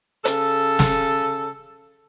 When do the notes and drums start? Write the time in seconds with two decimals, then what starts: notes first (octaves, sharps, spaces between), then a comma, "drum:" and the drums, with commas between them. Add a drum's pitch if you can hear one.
0.25 C#3 A4, drum: hi-hat
0.79 drum: snare